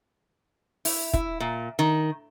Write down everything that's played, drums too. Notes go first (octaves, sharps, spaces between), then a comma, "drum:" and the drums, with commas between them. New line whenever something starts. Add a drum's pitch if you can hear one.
E4, drum: open hi-hat
E4, drum: kick
A#2
D#3